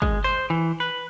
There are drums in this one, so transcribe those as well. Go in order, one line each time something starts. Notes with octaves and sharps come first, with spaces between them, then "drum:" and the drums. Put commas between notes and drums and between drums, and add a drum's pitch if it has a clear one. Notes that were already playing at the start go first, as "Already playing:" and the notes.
G#3, drum: kick
C5
E3
B4